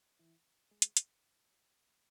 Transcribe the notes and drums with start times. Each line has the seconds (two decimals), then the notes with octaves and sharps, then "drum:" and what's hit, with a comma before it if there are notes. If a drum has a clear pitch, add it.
0.19 E3 E4
0.71 G#3 G#4
0.82 drum: hi-hat
0.97 drum: hi-hat